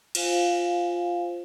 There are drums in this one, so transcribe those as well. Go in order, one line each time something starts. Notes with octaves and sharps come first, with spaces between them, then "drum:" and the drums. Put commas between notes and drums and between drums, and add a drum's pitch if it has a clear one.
F4 C5 F5 G#5, drum: cymbal